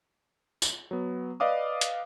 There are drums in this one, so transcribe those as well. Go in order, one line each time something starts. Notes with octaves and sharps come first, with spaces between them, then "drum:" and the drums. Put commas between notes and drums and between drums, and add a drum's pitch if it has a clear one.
drum: tambourine
F#3 B3
B4 D5 D#5 F5 D6 D#6
drum: hi-hat